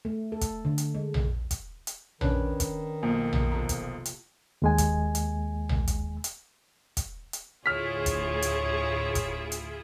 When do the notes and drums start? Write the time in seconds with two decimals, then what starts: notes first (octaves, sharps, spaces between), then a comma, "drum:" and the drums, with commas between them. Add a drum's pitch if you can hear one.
0.05 A3
0.32 A4
0.41 drum: kick, hi-hat
0.65 D3
0.78 drum: hi-hat
0.95 G#3
1.14 drum: tom A#1
1.51 drum: kick, hi-hat
1.87 drum: hi-hat
2.21 D#3 C#4 D4 B4, drum: tom A#1
2.60 drum: kick, hi-hat
3.03 B1 F3 A#3
3.33 drum: tom A#1
3.52 F2 C3 A#5
3.69 drum: kick, hi-hat
4.05 drum: hi-hat
4.62 D#2 G#3 G#5
4.78 drum: kick, hi-hat
5.15 drum: hi-hat
5.69 drum: tom A#1
5.88 drum: kick, hi-hat
6.24 drum: hi-hat
6.97 drum: kick, hi-hat
7.33 drum: hi-hat
7.66 D2 A2 E4 F4 G#4 C#5 F6 B6
8.06 drum: kick, hi-hat
8.42 drum: hi-hat
9.15 drum: kick, hi-hat
9.52 drum: hi-hat